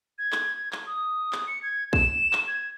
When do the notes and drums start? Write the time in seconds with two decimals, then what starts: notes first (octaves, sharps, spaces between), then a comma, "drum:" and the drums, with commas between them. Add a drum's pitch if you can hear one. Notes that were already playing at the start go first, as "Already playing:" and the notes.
0.19 G#6
0.32 drum: clap
0.73 drum: clap
0.87 D#6
1.33 drum: clap
1.47 C#7
1.63 G#6
1.93 E7, drum: kick
2.33 drum: clap
2.48 G#6